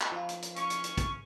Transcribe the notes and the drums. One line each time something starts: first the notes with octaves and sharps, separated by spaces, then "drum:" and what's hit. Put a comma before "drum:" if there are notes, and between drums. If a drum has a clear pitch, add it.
drum: clap
F3 F4
drum: hi-hat
drum: hi-hat
C#4 C#6, drum: hi-hat
drum: hi-hat
drum: hi-hat
drum: kick, hi-hat